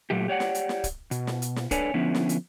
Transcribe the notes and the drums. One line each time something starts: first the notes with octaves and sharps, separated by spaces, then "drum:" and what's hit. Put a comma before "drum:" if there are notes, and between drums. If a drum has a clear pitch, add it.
A#2 F#3 A3 G4
G4 C#5 D5 F#5
drum: snare
drum: hi-hat
drum: snare
drum: kick, hi-hat
B2, drum: hi-hat
drum: snare
drum: hi-hat
drum: snare
D4 A4 B4 C#5 D5 G#5, drum: kick, hi-hat
D3 F3 B3 C#4 E4
drum: snare
drum: hi-hat